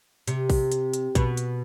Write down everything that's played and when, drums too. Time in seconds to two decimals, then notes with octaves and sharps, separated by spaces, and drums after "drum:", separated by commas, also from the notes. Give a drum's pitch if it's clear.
0.27 C3, drum: hi-hat
0.50 drum: kick, open hi-hat
0.72 drum: hi-hat
0.93 drum: hi-hat
1.15 B2, drum: kick, hi-hat
1.37 drum: hi-hat